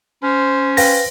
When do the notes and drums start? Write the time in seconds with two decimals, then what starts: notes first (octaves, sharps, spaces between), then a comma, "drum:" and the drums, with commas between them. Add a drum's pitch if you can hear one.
0.23 C#4 C5
0.77 B4 F5 G5 A#6, drum: open hi-hat